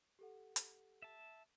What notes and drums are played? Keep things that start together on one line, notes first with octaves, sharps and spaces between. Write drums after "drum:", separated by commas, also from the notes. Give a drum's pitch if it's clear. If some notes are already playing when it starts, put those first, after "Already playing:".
G4 A4 F#5
drum: hi-hat
E5 A5